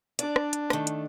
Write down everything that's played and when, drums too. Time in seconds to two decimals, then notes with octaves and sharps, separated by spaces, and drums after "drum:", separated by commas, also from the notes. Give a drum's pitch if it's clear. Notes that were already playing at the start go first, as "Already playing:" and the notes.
0.19 D4 D5, drum: hi-hat
0.36 drum: rim click
0.53 drum: hi-hat
0.70 D#3 A3, drum: rim click
0.87 drum: hi-hat